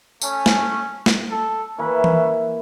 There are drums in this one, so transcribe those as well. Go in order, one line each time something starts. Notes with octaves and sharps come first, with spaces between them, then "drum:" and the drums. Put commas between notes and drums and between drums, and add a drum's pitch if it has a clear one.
A3 C#4, drum: tambourine
drum: snare
drum: snare
A4
E3 A#3 C#4 E4 B4 E5
drum: tom E3